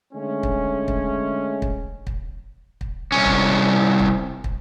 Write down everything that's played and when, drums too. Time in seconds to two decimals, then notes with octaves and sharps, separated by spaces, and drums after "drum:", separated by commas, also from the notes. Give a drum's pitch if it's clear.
0.14 D3 G#3 A3 C#4
0.43 drum: kick
0.88 drum: kick
1.62 drum: kick
2.07 drum: kick
2.81 drum: kick
3.12 C2 C#4
3.25 drum: kick
4.00 drum: kick
4.44 drum: kick